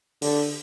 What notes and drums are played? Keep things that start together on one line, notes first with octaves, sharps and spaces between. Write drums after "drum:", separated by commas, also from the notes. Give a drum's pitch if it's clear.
D3, drum: open hi-hat